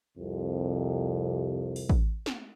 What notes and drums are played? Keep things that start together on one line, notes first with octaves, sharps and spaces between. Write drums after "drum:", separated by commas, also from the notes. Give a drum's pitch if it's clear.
C2 F2 C3
drum: open hi-hat
drum: kick A1
drum: snare